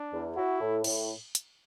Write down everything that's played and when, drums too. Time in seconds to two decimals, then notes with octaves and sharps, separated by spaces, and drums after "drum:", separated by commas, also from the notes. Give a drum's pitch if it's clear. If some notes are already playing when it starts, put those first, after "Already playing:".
Already playing: D4
0.13 E2
0.36 E4 F#4
0.60 A2
0.84 A2, drum: cymbal
1.35 drum: hi-hat